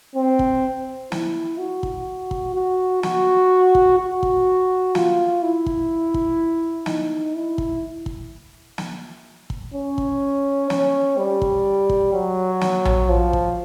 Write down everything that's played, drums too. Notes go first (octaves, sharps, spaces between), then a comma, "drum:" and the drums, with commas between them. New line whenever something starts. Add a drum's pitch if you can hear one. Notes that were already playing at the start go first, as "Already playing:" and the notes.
C4
drum: kick
E4, drum: snare
F#4
drum: kick
drum: kick
F#4
F#4, drum: snare
drum: kick
F#4
drum: kick
F4, drum: snare
E4
drum: kick
drum: kick
D#4, drum: snare
E4
drum: kick
drum: kick
drum: snare
drum: kick
C#4
drum: kick
C#4, drum: snare
G3
drum: kick
drum: kick
F#3
drum: snare
drum: tom A#1
F3
drum: kick